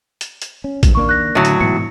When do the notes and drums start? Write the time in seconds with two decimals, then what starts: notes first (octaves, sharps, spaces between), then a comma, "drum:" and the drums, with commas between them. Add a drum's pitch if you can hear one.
0.21 drum: hi-hat
0.42 drum: hi-hat
0.64 C#4
0.83 G1 C2 G2, drum: kick A#1, hi-hat
0.95 D#3 A#3 D4 C#6
1.09 F#6 A#6
1.35 A2 D3 F#3
1.45 drum: hi-hat
1.61 G#2 B2 E3 C#7